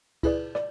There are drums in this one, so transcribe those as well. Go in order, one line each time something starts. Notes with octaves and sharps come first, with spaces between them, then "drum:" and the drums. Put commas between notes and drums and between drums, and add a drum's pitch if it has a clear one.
E4 G#4 B4 D5, drum: kick C#2, cymbal
D5, drum: rim click